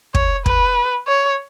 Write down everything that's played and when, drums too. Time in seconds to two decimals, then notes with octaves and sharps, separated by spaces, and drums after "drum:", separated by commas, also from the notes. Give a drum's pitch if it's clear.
0.14 C#5, drum: kick
0.46 B4, drum: kick
1.07 C#5